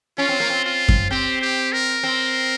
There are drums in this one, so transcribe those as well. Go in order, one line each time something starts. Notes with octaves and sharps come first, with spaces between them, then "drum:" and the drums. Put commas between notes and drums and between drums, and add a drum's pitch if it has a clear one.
C#4 F4
C4
A#3
C4
F4
drum: kick F#2
C4 G4
G4
A#4
C4